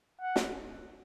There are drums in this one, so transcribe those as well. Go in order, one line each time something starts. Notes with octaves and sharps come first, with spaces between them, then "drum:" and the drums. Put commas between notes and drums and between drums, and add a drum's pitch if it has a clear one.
F#5
drum: snare